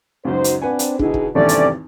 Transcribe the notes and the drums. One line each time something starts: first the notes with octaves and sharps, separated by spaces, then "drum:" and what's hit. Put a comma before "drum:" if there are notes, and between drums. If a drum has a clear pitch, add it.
C#2 F#2 D#4 F#4 C5
drum: hi-hat
C4 D4 B4 F#5 G#5
drum: hi-hat
B2 D3 D#4 E4 G#4, drum: kick
drum: kick
G#1 E2 G2 C3 A3 C#4 D5
drum: hi-hat